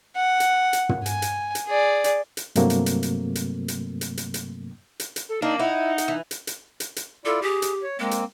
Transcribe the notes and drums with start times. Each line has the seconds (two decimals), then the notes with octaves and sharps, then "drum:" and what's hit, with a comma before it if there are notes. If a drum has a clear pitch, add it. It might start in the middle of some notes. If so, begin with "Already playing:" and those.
0.16 F#5
0.40 drum: hi-hat
0.73 drum: hi-hat
0.89 drum: tom
1.06 G#5, drum: hi-hat
1.22 drum: hi-hat
1.55 drum: hi-hat
1.67 G#4 D5
2.04 drum: hi-hat
2.37 drum: hi-hat
2.55 G2 C3 F#3 A3 A#3 C4, drum: hi-hat
2.70 drum: hi-hat
2.86 drum: hi-hat
3.03 drum: hi-hat
3.35 drum: hi-hat
3.68 drum: hi-hat
4.01 drum: hi-hat
4.17 drum: hi-hat
4.34 drum: hi-hat
5.00 drum: hi-hat
5.16 drum: hi-hat
5.29 A4
5.42 A#3 D4 D#4
5.59 D#4 E4 F#5
5.98 drum: hi-hat
6.08 E3
6.31 drum: hi-hat
6.47 drum: hi-hat
6.80 drum: hi-hat
6.96 drum: hi-hat
7.25 E4 F4 A4 D5
7.42 G4 G#4
7.62 drum: hi-hat
7.83 C#5
7.99 G#3 A#3 C4
8.11 drum: hi-hat